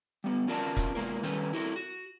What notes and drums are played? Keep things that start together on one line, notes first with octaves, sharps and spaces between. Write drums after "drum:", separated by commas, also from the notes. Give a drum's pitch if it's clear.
G3 B3
C#4 F4 F#4 A#4 D5 A5
drum: kick, hi-hat
B2 G#3 A#3 F4 A#4
D#3 G3 C#4 A4 B4, drum: hi-hat
E4 F#4 A4 A#4
F#4